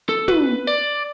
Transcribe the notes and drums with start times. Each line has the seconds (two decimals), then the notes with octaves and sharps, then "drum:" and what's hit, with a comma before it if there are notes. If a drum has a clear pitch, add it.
0.09 A4
0.28 B4, drum: tom
0.67 D5